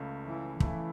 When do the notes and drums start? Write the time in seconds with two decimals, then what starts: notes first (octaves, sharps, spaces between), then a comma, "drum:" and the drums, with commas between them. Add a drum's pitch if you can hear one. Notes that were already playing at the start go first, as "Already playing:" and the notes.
Already playing: C#2 C#3 A3
0.25 E3
0.60 C#3 E3 A3 E4, drum: kick